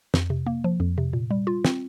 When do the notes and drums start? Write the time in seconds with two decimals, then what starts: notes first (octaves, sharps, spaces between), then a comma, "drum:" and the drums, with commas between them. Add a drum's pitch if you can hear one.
0.14 F2, drum: snare
0.30 C3
0.46 A#3
0.64 F3
0.80 F2
0.98 C3
1.13 A#2
1.30 G3
1.47 F4
1.65 C4, drum: snare